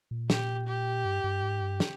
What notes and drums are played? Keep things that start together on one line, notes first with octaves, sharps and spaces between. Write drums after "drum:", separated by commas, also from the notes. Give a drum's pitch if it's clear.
A#2
G4, drum: snare
G4
G2
G2
G#2
G2
drum: snare